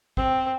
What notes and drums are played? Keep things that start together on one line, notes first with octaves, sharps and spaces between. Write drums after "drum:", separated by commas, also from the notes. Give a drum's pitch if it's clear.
C4, drum: kick